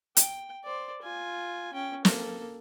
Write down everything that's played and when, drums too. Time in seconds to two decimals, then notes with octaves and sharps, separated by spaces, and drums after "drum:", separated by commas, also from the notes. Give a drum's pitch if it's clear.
0.17 G5, drum: hi-hat
0.64 C5 D5
1.02 F4 G#5
1.73 C#4 G5
2.05 A#3 A4, drum: snare